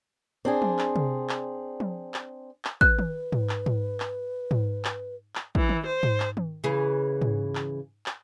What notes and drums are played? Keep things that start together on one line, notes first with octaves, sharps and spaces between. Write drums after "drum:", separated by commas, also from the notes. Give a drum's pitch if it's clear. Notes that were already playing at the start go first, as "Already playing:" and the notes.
C4 D4 G#4
drum: tom F3
drum: clap
drum: tom C3
drum: clap
drum: tom F3
drum: clap
drum: clap
B4 F#6, drum: kick
drum: tom D#3
drum: tom G#2
drum: clap
drum: tom G#2
drum: clap
drum: tom G#2
drum: clap
drum: clap
E3, drum: kick
drum: tom D#3
C5
drum: tom G#2
drum: clap
drum: tom D#3
C#3 E3 G#4
drum: tom G#2
drum: clap
drum: clap